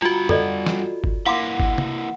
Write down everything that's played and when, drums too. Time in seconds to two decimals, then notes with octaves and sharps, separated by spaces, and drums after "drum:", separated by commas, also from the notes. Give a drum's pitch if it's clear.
0.02 G2 F4 F#4 F#5
0.29 A4 D5 D#5, drum: tom F2
0.66 drum: snare
1.04 drum: kick
1.26 E3 A#3 F5 F#5 C6 D6
1.60 drum: kick
1.78 drum: tom C3